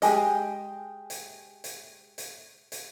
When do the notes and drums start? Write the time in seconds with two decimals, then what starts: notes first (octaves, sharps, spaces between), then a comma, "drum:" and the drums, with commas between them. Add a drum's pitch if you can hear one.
0.02 G#3 G4 G#4 D#5, drum: hi-hat
1.10 drum: hi-hat
1.64 drum: hi-hat
2.18 drum: hi-hat
2.72 drum: hi-hat